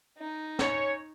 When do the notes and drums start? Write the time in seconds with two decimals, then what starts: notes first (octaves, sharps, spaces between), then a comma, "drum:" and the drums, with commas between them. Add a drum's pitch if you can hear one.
0.18 D#4
0.59 C#4 C#5, drum: snare